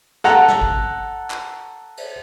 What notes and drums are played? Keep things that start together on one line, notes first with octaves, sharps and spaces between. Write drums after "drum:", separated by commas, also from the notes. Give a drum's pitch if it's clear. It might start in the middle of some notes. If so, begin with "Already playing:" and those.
A4 F#5 A#5, drum: snare
drum: snare
drum: kick G#1
drum: clap
drum: cymbal